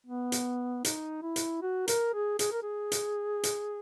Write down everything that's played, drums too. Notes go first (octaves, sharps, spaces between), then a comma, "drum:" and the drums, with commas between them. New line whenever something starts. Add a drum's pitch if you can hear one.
B3
drum: hi-hat
D#4, drum: hi-hat
E4
drum: hi-hat
F#4
A#4, drum: hi-hat
G#4
G#4, drum: hi-hat
A#4
G#4
drum: hi-hat
drum: hi-hat